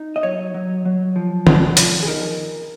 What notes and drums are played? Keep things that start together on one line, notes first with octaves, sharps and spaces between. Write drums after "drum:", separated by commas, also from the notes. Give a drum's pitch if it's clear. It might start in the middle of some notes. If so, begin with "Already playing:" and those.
Already playing: D#4
D#5
F#3 C#5
F#3
F#3
F3
B3, drum: tom D#3
F3, drum: hi-hat
G#4
D#4 A#4